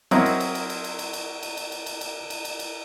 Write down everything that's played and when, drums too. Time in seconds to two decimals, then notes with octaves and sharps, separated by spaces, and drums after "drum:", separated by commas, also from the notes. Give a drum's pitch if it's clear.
0.11 F#3 C4 E4 A#4 D#5, drum: cymbal
0.26 drum: cymbal
0.40 drum: cymbal
0.55 drum: cymbal
0.70 drum: cymbal
0.84 drum: cymbal
0.99 drum: cymbal
1.13 drum: cymbal
1.43 drum: cymbal
1.57 drum: cymbal
1.72 drum: cymbal
1.86 drum: cymbal
2.01 drum: cymbal
2.30 drum: cymbal
2.45 drum: cymbal
2.59 drum: cymbal